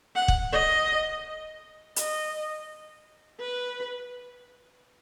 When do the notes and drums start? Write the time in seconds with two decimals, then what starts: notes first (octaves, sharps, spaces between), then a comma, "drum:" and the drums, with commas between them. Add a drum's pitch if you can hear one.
0.15 F#5
0.28 drum: kick
0.52 D#5
1.96 D#5, drum: hi-hat
3.40 B4